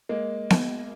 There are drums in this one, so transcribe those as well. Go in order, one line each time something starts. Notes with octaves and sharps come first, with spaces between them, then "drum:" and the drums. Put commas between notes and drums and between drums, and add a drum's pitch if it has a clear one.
G#3 A#3
drum: snare B3